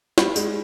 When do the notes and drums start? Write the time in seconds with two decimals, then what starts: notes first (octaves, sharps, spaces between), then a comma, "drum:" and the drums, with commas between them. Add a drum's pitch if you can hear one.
0.18 G3, drum: snare
0.36 G#3, drum: tambourine